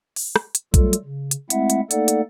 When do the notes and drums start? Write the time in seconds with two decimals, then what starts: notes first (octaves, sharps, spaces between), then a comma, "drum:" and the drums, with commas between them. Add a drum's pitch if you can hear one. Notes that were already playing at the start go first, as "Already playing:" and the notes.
0.16 drum: open hi-hat
0.36 drum: rim click
0.55 drum: hi-hat
0.74 F#3 G3 A3 F4 A4, drum: kick, hi-hat
0.93 drum: hi-hat
1.05 C#3
1.31 drum: hi-hat
1.50 G#3 A3 C4 E4 E5 F#5, drum: hi-hat
1.70 drum: hi-hat
1.91 A3 A#3 D#4 A4 D5 F#5, drum: hi-hat
2.08 drum: hi-hat